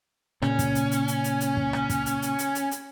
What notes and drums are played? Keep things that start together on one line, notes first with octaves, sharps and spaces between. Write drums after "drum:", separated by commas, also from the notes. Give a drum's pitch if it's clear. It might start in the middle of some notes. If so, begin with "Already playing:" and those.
A#2 C#3 C#4, drum: rim click
drum: kick, hi-hat
drum: hi-hat
drum: hi-hat
drum: hi-hat
drum: hi-hat
drum: hi-hat
drum: kick
drum: rim click
drum: kick, hi-hat
drum: hi-hat
drum: hi-hat
drum: hi-hat
drum: hi-hat
drum: hi-hat